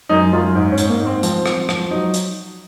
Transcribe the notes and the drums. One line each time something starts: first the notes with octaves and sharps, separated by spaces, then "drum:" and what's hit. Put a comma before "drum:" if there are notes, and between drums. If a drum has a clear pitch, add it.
F#2 D#4
F#2 F4
G#2
C#4
G#2, drum: hi-hat
A#3
G#2
C4
F3 C4, drum: hi-hat
F3, drum: rim click
F3, drum: rim click
F#3 D#4
drum: hi-hat